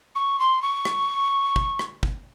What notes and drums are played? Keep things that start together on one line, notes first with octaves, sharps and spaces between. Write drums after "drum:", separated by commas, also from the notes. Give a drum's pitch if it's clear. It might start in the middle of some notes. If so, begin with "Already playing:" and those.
C#6
C6
C#6
drum: rim click
drum: kick
drum: rim click
drum: kick